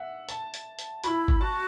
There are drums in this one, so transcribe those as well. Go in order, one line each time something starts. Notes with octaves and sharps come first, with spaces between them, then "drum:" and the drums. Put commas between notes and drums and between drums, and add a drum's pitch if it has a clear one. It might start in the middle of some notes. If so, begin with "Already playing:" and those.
Already playing: E5 F#5
A5, drum: hi-hat
drum: hi-hat
drum: hi-hat
E4 F#4 B5, drum: hi-hat
drum: kick G1
F#4 A5